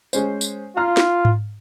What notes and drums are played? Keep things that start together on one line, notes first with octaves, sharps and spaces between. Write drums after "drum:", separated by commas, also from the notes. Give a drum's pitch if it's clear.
G#3 C#4 C5, drum: tambourine
drum: tambourine
F4 F5 A#5 F6
drum: snare
drum: tom G#2